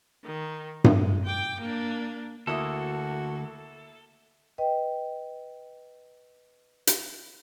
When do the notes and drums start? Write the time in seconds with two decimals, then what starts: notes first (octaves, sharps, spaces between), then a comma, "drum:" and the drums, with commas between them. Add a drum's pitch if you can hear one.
0.24 D#3
0.84 G#3, drum: tom G2
1.25 G5 D6
1.60 A#3 D4
2.47 D2 A#3 E4 F#4 A4 D#6
4.58 B4 D#5 G5
6.87 drum: hi-hat